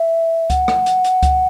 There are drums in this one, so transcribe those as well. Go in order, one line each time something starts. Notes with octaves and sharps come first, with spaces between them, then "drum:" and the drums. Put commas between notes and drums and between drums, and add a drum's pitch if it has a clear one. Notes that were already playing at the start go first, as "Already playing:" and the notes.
Already playing: E5
F#5, drum: kick C#2, hi-hat
drum: rim click
drum: hi-hat
drum: hi-hat
drum: kick C#2, hi-hat